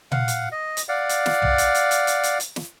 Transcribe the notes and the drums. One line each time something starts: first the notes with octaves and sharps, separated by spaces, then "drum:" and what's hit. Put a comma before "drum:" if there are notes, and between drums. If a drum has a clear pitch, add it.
F5 F#5, drum: tom A#2
drum: hi-hat
D#5
drum: hi-hat
D5 F5 F#5
drum: hi-hat
drum: snare
drum: tom
drum: hi-hat
drum: hi-hat
drum: hi-hat
drum: hi-hat
drum: hi-hat
drum: hi-hat
drum: snare